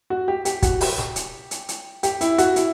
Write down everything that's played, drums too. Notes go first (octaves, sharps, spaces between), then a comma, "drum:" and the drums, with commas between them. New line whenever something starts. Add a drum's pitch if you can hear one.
F#4
G4
G4, drum: hi-hat
F#4, drum: kick, hi-hat
G4, drum: open hi-hat
drum: snare
drum: hi-hat
drum: hi-hat
drum: hi-hat
G4, drum: hi-hat
E4, drum: hi-hat
F#4, drum: hi-hat
E4, drum: hi-hat